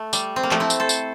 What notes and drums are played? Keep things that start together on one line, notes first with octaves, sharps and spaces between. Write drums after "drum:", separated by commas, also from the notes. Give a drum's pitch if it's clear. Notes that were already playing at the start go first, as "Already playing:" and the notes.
Already playing: A3
G3, drum: tambourine
C4
A#3
F3 A3, drum: clap
C4 E4
drum: tambourine
A4 C5
drum: tambourine